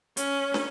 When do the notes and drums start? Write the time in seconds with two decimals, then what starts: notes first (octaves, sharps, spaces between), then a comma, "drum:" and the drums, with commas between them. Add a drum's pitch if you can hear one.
0.17 C#4, drum: hi-hat
0.54 drum: snare